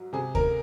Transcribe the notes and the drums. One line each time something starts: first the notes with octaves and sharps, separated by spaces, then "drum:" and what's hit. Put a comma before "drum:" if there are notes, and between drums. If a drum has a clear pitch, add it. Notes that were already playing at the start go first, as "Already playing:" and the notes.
Already playing: G#2 F#3
C3 G#4
A#4, drum: kick D2